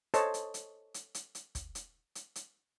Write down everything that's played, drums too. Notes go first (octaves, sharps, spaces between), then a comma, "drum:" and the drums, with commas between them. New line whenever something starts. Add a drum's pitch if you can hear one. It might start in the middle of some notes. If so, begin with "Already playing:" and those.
A4 C5 C#5 D#5 A5, drum: hi-hat
drum: hi-hat
drum: hi-hat
drum: hi-hat
drum: hi-hat
drum: hi-hat
drum: kick, hi-hat
drum: hi-hat
drum: hi-hat
drum: hi-hat